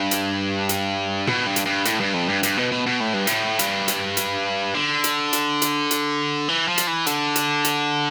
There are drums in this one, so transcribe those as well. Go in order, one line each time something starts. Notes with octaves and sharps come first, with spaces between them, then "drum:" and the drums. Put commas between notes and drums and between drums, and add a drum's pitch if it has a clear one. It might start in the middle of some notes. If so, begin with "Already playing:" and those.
Already playing: G2
drum: hi-hat
drum: hi-hat
B2, drum: tom
G2
drum: hi-hat
G2
A2, drum: hi-hat
G2
F2
G2
G2, drum: hi-hat
B2
B2
B2
A2
G2
A2, drum: hi-hat
G2, drum: hi-hat
drum: hi-hat
drum: hi-hat
D3
drum: hi-hat
drum: hi-hat
drum: hi-hat
drum: hi-hat
E3
F3
drum: hi-hat
E3
D3, drum: hi-hat
drum: hi-hat
drum: hi-hat